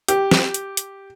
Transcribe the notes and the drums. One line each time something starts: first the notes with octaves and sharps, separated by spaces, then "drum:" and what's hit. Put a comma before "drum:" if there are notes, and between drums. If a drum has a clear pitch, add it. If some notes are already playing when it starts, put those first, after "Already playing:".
G4, drum: hi-hat
drum: snare
drum: hi-hat
drum: hi-hat